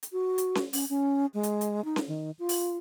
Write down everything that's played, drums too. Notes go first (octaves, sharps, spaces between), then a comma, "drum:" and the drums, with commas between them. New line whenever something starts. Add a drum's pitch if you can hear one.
drum: hi-hat
F#4
drum: hi-hat
drum: snare C#4
C#4, drum: open hi-hat
C#4
G#3
drum: hi-hat
drum: hi-hat
D#4
drum: snare C#4
D#3
F4
drum: open hi-hat